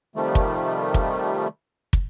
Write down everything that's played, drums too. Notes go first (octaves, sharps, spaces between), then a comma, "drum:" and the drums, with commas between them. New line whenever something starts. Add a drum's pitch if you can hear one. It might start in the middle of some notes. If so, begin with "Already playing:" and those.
C3 D#3 F3 G3 A3
drum: kick
drum: kick
drum: kick